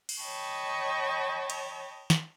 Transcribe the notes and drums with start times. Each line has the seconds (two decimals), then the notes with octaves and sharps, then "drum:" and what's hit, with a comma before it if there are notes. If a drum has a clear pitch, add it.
0.09 drum: cymbal
0.21 C#5 D#5 G5 A5 B5 C#6
1.50 drum: cymbal
2.10 drum: snare